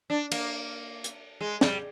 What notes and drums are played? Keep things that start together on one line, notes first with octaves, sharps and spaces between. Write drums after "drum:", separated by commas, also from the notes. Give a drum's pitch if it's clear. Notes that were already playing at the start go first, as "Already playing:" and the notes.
D4
A#3, drum: cymbal
drum: hi-hat
G#3
G3, drum: snare